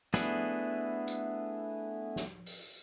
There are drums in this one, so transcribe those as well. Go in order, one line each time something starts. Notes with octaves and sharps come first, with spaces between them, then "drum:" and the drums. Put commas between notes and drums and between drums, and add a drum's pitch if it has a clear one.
A3 B3 D4 E4 G#4, drum: snare
drum: hi-hat
drum: snare
drum: open hi-hat